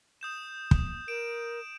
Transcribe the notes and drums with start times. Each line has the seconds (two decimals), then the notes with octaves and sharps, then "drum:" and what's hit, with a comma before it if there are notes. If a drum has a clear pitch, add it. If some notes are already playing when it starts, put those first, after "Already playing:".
0.21 D#6 G6 E7
0.71 drum: kick
1.08 A#4 D7 E7